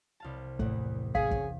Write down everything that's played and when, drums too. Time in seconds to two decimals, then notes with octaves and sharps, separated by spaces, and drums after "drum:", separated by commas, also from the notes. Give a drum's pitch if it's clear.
0.20 C2 F5 A5
0.59 E2 A2 A#3 F#5, drum: kick
1.15 C#4 G#4 F5, drum: kick
1.31 drum: kick